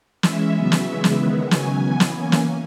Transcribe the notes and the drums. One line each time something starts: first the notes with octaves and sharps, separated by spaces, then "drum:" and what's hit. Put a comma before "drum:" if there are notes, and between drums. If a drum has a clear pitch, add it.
E3 G#3 C#4 E5, drum: snare
C#3 F#3 B3
drum: snare
C#3 E3 G#3 B3
drum: snare
D#3 G#3 B3
C#3 F#3 C#4 G#5, drum: snare
E3 B3
drum: snare
E3 A#3 C#4 G#5
drum: snare